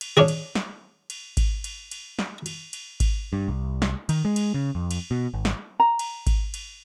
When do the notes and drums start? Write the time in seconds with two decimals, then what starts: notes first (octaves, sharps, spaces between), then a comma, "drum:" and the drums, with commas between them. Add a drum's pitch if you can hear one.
0.01 drum: cymbal
0.17 C#4 D4 G#4
0.28 drum: cymbal
0.55 drum: snare
1.10 drum: cymbal
1.37 drum: kick G#1, cymbal
1.64 drum: cymbal
1.91 drum: cymbal
2.19 drum: snare
2.46 drum: cymbal
2.73 drum: cymbal
3.00 drum: kick G#1, cymbal
3.33 G2
3.48 C2
3.82 drum: snare
4.09 D#3, drum: cymbal
4.25 G#3
4.36 drum: cymbal
4.54 C#3
4.75 F2
4.91 drum: cymbal
5.11 B2
5.34 G#1
5.45 drum: snare
5.80 A#5
5.99 drum: cymbal
6.27 drum: kick G#1, cymbal
6.54 drum: cymbal